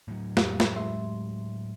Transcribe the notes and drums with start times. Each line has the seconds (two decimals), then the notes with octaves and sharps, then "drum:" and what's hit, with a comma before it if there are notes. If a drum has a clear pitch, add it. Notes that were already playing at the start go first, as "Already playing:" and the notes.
0.08 A2 F#3
0.37 F2 G#3 G4, drum: snare
0.60 drum: snare
0.76 G#3 E5 C6